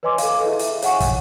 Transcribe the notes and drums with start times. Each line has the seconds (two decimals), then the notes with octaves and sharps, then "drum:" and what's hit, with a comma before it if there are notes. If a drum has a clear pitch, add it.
0.03 B4 C#5 D#5 G#5 C6 D6
0.18 A4 D#5 F5, drum: hi-hat
0.46 E4 G#4 E5
0.59 drum: hi-hat
0.82 C#5 E5 F#5 G#5 C#6, drum: hi-hat
1.00 drum: kick, hi-hat